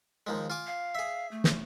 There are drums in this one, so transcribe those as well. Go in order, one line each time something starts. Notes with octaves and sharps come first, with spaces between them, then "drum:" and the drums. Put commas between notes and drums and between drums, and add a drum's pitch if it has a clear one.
D#2 F3 G#3
F4 G#5 D6
F5
G#4 E5
A3
drum: snare